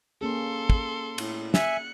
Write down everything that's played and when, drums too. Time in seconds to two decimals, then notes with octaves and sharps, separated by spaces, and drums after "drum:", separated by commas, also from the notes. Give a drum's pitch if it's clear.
0.21 A#3 C#4 G#4 A4 C6
0.70 drum: kick
1.18 A2, drum: cymbal
1.54 E5 G#5 F#6 C#7, drum: snare